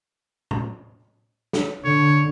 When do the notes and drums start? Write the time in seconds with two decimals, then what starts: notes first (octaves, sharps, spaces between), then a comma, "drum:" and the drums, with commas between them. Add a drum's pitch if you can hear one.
0.51 drum: tom A2
1.53 drum: snare
1.84 D3 C#5